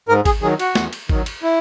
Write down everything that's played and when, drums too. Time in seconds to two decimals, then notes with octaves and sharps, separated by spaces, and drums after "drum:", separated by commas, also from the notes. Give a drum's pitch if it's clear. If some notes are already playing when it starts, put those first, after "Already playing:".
0.08 G#2 A#4
0.25 G#4, drum: kick G#1, cymbal
0.42 D#3 F#3 G#4
0.59 F#4, drum: cymbal
0.75 E2, drum: snare
0.93 drum: cymbal
1.09 D#3 F#3, drum: kick G#1
1.26 drum: cymbal
1.42 E4